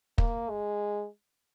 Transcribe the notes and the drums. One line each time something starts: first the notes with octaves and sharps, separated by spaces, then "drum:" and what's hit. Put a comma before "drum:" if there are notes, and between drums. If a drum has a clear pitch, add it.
A#3, drum: kick
G#3